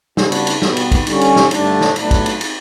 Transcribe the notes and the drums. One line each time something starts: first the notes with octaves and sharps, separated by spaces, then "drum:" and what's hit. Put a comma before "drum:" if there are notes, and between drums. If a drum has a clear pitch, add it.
C#3 G3 B3 D4 F#4, drum: snare
drum: cymbal
drum: cymbal
B2 G3 B3, drum: snare
drum: cymbal
drum: kick, cymbal
D3 G3 C#4, drum: cymbal
drum: cymbal
drum: snare
G2 D3 A3 D4, drum: cymbal
drum: snare
A2 F#3 B3 D4, drum: cymbal
drum: kick, cymbal
drum: cymbal
drum: cymbal